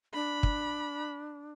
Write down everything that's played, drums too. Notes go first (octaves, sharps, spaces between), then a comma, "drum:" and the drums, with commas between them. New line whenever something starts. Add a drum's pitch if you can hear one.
D4 B5
drum: kick